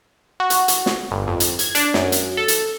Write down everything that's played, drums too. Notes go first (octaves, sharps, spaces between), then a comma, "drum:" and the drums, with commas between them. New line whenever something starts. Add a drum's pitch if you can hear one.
F#4
drum: hi-hat
drum: hi-hat
drum: snare
G1
F2
drum: hi-hat
G#6, drum: hi-hat
D4, drum: hi-hat
F#2, drum: snare
drum: hi-hat
A4
drum: hi-hat